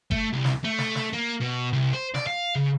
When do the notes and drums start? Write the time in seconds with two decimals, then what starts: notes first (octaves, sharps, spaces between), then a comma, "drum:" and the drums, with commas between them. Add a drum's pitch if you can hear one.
0.11 A3, drum: kick
0.33 C2
0.45 drum: snare
0.64 A3
0.78 drum: snare
0.95 drum: snare
1.13 A#3
1.40 B2
1.73 C2
1.93 C5
2.15 D5, drum: snare
2.27 F5
2.55 C#3